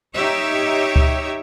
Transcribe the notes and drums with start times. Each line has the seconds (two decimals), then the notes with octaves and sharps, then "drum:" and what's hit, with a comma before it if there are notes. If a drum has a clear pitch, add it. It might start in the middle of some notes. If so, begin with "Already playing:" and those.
0.15 D#4 G4 C#5 E5
0.96 drum: kick C#2